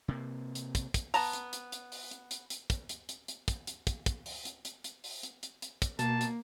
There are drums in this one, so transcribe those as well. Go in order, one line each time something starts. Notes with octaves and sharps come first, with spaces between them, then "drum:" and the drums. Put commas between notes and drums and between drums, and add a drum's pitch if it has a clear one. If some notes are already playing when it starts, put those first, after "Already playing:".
C3 A#3
drum: hi-hat
drum: kick, hi-hat
drum: kick, hi-hat
B3 A5 A#5, drum: open hi-hat
drum: hi-hat
drum: hi-hat
drum: hi-hat
drum: open hi-hat
drum: hi-hat
drum: hi-hat
drum: hi-hat
drum: kick, hi-hat
drum: hi-hat
drum: hi-hat
drum: hi-hat
drum: kick, hi-hat
drum: hi-hat
drum: kick, hi-hat
drum: kick, hi-hat
drum: open hi-hat
drum: hi-hat
drum: hi-hat
drum: hi-hat
drum: open hi-hat
drum: hi-hat
drum: hi-hat
drum: hi-hat
drum: kick, hi-hat
B2 A#3 A5, drum: hi-hat
drum: hi-hat